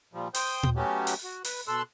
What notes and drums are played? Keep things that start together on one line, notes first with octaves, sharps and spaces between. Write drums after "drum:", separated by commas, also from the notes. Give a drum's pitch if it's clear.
A#2 F3 G3
C5 G5 D#6 G6, drum: open hi-hat
drum: tom A#2
F#3 A3 B3 C#4 F#4 G4
drum: open hi-hat
F#4
B4, drum: open hi-hat
B2 A4 C6 E6 F#6